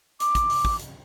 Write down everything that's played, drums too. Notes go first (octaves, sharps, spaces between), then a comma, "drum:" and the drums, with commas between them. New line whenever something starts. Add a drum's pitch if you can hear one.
D6, drum: hi-hat
drum: kick, hi-hat
drum: open hi-hat
drum: kick
drum: hi-hat